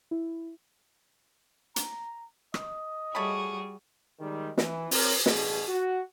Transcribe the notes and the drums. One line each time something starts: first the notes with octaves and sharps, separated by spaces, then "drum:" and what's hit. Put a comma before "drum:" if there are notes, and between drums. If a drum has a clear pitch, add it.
E4
A#5, drum: hi-hat
D#5, drum: rim click
G3 A3 F#4 G#4 C#5 B5
D#3 G3 G#3
E3, drum: snare
C4 A#4 C#5, drum: open hi-hat
A1 G2 B2 G#4, drum: snare
F#4